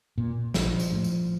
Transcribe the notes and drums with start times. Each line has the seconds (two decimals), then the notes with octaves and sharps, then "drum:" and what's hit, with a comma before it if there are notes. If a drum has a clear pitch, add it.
0.18 A#2
0.54 A#1 F3, drum: snare
0.80 drum: tambourine
0.92 A2
1.04 drum: tambourine